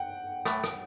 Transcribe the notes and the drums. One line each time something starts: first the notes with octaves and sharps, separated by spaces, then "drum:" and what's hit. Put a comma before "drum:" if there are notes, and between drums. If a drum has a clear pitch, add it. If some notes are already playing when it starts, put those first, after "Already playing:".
Already playing: F#5 G5
A2 E3 A3, drum: rim click
drum: rim click